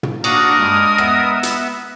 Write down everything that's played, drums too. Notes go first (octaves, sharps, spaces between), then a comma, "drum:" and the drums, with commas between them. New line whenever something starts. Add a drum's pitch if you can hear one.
drum: tom
A#3 D4 F#4 A#4 D#6 A#6, drum: cymbal
G2 G#3
B3 E5, drum: rim click
drum: hi-hat